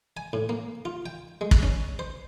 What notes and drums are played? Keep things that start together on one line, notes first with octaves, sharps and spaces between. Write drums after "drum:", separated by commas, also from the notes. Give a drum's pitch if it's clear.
G#5
A2
A#3
F4
G5
G#3
drum: kick
C#4
C5